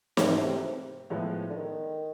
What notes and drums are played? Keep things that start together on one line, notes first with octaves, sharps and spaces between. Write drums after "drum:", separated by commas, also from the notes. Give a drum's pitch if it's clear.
G#2 C#3 E3 A3 C4, drum: snare
B2
C3
A2 F3 G#3 B3 E4
D3
D#3